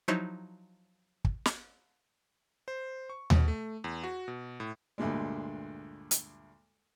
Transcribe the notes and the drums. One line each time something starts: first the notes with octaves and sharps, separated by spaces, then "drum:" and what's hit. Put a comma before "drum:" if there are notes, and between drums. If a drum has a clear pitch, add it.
F3 F#3 D#4 E4 C5 C#5
drum: kick
drum: snare
C5
C#6
B2, drum: tom D#2
A3
E2
F#4
B2
A2
D2 G2 A#2 G#3
drum: hi-hat